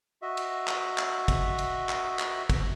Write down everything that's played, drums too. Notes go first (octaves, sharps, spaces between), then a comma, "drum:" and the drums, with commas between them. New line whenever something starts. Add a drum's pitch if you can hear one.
F#4 D#5 E5
drum: cymbal
drum: clap
drum: clap
drum: kick, cymbal
drum: cymbal
drum: clap
drum: clap
drum: kick, cymbal